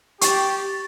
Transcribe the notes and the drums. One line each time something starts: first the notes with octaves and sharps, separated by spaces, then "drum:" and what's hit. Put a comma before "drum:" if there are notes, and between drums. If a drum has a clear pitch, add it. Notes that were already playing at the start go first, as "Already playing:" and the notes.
G4 C#6 A6, drum: hi-hat